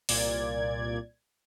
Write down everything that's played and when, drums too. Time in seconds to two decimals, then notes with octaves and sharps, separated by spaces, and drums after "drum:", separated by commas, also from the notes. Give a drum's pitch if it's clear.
0.09 C2 A#2 D5 G#6, drum: open hi-hat